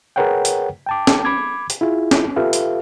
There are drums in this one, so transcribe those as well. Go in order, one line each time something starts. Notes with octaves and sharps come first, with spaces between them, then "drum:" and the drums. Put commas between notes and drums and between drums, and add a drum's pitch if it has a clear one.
G#4 A#4 B4 C#5 F#5 G5
drum: hi-hat
G5 A5 D6
drum: snare
B5 D6 G#6
drum: hi-hat
E4 F4 G#4
drum: snare
F4 G4 A4 B4 E5 F5
drum: hi-hat